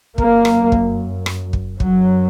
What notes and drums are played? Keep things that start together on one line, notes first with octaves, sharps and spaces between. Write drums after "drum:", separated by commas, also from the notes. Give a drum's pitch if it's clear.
F#2 A#3, drum: kick
drum: rim click
drum: kick
drum: rim click
drum: kick
F#2 F#3, drum: kick